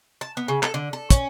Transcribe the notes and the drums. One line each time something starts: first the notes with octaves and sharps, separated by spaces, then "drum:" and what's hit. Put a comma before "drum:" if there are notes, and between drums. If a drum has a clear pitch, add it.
A5
B3
C#3
A4, drum: clap
D3
A4
C#4, drum: kick, hi-hat